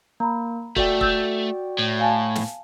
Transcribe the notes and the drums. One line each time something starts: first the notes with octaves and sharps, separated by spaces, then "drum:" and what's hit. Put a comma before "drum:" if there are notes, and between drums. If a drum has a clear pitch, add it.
A#3 A#5 B5
A3 F#4 D5 G5, drum: kick
E6 G6, drum: kick
A2
F5 G#5 A5
drum: snare